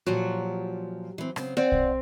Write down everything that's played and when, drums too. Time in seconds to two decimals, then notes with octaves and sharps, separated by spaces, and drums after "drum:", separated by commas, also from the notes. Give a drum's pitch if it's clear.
0.07 A#2 F3 F#3 G4
1.18 E3 C4
1.36 C#3 B3 C4, drum: rim click
1.57 C4 D5 F5 F#5
1.72 drum: kick